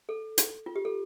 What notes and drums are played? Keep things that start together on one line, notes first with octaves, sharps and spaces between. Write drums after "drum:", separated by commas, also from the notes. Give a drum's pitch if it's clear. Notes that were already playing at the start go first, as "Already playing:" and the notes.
A4
drum: hi-hat
F4
G4
A4